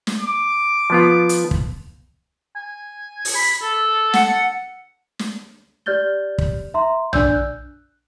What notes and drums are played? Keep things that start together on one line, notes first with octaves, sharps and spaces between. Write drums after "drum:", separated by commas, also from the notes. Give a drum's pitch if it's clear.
drum: snare
D6
F3 B3 F4
drum: hi-hat
drum: kick
G#5
drum: open hi-hat
B5
A4
F#5, drum: snare
drum: snare
G4 D5 F6 G6 A6 G7
drum: kick
E5 A#5 C6
D4 D5 E6 G6, drum: tom
F#6